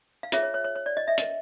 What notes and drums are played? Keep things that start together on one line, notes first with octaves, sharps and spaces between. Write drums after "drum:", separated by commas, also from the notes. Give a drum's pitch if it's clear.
F5
F4 G#4 C#5 E5, drum: hi-hat
C#5
C#5
C#5
C#5
D5
D#5
E5
D#5, drum: hi-hat